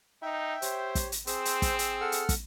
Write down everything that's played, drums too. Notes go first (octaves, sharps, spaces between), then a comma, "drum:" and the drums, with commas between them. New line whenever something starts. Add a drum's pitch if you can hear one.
D#4 E5 G5
G4 C5 C#5, drum: hi-hat
drum: kick, hi-hat
drum: hi-hat
C4 G#4 C5 E6, drum: hi-hat
drum: hi-hat
drum: kick, hi-hat
drum: hi-hat
A4 F#5 F6
drum: hi-hat
drum: kick, hi-hat